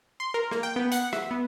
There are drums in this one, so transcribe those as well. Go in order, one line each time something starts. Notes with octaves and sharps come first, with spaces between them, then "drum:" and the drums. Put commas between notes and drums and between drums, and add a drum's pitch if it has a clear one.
C6
A#4
A#3, drum: rim click
G5
B3
F#5, drum: hi-hat
E5, drum: rim click
B3